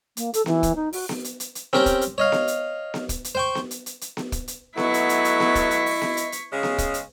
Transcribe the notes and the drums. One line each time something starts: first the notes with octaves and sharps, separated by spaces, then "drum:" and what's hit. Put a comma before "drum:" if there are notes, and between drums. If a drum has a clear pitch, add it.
A#3, drum: hi-hat
A4, drum: hi-hat
E3, drum: snare B3
drum: kick, hi-hat
D#4
F#4, drum: open hi-hat
drum: snare B3
drum: hi-hat
drum: hi-hat
drum: hi-hat
C4 C#4 G4 A#4 G5, drum: snare B3
drum: kick, hi-hat
drum: hi-hat
C#5 D#5 F5
drum: snare B3
drum: hi-hat
drum: snare B3
drum: kick, hi-hat
drum: hi-hat
C5 G5 C#6
drum: snare B3
drum: hi-hat
drum: hi-hat
drum: hi-hat
drum: snare B3
drum: kick, hi-hat
drum: hi-hat
F#3 A3 B3 E4 D#5 C#6 B6, drum: snare B3
drum: hi-hat
drum: hi-hat
drum: hi-hat
drum: snare B3
drum: kick, hi-hat
drum: hi-hat
drum: open hi-hat
drum: snare B3
drum: hi-hat
drum: hi-hat
C#3 G#3 C#4
drum: snare B3
drum: kick, hi-hat
drum: hi-hat